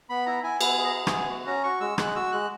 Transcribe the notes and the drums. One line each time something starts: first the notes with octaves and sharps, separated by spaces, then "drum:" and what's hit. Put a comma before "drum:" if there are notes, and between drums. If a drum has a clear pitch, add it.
B3 B5
E4 A#5
E4 G#5
B3 G#5, drum: cymbal
G#4
A#5
G#4
G#5, drum: rim click
B3
F#4
C#4 A#5
F#4 C#6
G#3 E6
G#3 F#6, drum: rim click
F#4 E6
G#3 F#6